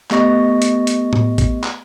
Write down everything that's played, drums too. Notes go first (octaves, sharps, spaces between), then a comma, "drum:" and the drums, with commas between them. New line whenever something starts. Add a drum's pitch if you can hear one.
A3 B3 G4 D#5 C#6 A#6, drum: clap
drum: hi-hat
drum: hi-hat
drum: tom A2
drum: kick A1, hi-hat
drum: clap